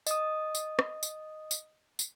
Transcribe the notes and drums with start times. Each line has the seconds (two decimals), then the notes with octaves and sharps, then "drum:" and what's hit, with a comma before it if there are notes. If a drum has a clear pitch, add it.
0.07 D#5 D#6, drum: tambourine
0.55 drum: tambourine
0.79 drum: rim click
1.03 drum: tambourine
1.51 drum: tambourine
1.99 drum: tambourine